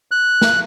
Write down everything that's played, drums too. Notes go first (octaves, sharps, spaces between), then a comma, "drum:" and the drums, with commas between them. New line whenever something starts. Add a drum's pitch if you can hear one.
F#6
drum: snare